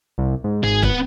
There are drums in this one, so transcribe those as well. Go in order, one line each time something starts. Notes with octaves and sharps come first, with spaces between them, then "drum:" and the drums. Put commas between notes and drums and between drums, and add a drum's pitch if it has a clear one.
C2
G#2
G#1 G#4
B3 B4, drum: kick